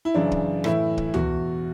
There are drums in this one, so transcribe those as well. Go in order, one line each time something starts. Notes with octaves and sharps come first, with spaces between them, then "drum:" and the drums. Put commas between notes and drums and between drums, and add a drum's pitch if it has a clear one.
E4
F#2 C#3 E3 D4
drum: kick
A2 E3 E4, drum: rim click
drum: kick
E2 B2 F#4, drum: tom C#2